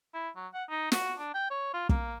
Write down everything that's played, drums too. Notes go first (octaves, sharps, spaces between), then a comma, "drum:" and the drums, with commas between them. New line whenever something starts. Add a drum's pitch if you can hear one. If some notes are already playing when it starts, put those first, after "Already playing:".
E4
F#3
F#5
D#4
F#4, drum: snare
D4
G5
C#5
F4
A#3, drum: kick